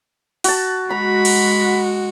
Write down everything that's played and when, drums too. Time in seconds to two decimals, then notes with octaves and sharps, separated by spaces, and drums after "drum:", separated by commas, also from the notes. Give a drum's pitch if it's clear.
0.44 F#4 A5, drum: open hi-hat
0.90 G#3 F#4 A#5 B5
1.25 drum: cymbal